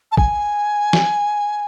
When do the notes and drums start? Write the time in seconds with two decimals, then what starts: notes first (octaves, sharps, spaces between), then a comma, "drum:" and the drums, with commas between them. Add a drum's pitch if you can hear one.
0.12 A5
0.17 G#5, drum: kick
0.93 drum: snare